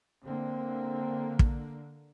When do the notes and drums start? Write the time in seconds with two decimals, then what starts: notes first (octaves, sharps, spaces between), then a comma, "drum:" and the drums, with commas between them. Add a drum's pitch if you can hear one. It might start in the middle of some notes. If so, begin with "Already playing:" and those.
0.25 D3 A#3 C4
1.39 drum: kick